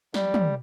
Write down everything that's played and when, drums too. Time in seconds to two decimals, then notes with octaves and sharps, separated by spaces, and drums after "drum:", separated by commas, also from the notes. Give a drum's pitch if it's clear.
0.14 G3, drum: snare
0.34 drum: tom